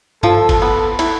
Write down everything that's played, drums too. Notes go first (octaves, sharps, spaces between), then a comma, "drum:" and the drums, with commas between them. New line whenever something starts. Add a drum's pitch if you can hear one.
F3 A4, drum: tom G2
drum: kick G1, cymbal
B3
E4, drum: cymbal